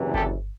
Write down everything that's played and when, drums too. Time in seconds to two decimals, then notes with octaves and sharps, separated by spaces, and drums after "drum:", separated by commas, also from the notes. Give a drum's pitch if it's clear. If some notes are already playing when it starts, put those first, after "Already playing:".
Already playing: F#1 E2 C3 E3
0.14 G4 A4, drum: kick G1